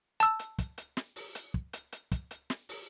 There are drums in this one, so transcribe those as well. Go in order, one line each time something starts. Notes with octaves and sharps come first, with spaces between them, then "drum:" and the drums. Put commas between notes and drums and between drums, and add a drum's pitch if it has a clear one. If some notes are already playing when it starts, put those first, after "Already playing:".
A5 E6, drum: hi-hat
drum: hi-hat
drum: kick, hi-hat
drum: hi-hat
drum: snare
drum: open hi-hat
drum: hi-hat
drum: kick
drum: hi-hat
drum: hi-hat
drum: kick, hi-hat
drum: hi-hat
drum: snare
drum: open hi-hat